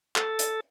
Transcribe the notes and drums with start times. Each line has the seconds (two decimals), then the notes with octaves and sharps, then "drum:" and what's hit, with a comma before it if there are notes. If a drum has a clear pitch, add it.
0.16 A4, drum: clap
0.39 drum: hi-hat